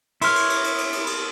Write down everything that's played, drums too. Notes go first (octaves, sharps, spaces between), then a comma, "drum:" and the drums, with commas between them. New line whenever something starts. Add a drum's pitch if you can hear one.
E4 B4 C#5 C6 F6, drum: cymbal
drum: cymbal
drum: cymbal
drum: cymbal
drum: cymbal
drum: cymbal
drum: cymbal